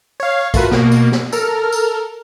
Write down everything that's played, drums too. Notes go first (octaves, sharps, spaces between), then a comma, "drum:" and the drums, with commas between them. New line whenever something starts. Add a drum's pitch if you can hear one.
C#5 F5
A3 F4 F#4 A#4 B4, drum: kick, tambourine
B2 A#3, drum: snare
drum: tambourine
drum: snare
A4 A#4 F6, drum: tambourine
drum: tambourine